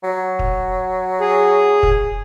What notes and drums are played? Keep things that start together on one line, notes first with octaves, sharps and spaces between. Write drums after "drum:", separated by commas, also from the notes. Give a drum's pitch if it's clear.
F#3
drum: kick
G#4
drum: kick